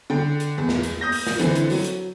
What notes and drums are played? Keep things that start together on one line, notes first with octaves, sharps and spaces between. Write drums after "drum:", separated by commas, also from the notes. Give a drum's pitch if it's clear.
D3 G5
drum: hi-hat
E2
drum: snare
drum: hi-hat
D#6 G6 A#6
drum: open hi-hat
drum: snare
D3 E3 C4, drum: hi-hat
drum: hi-hat
F#3, drum: open hi-hat
drum: hi-hat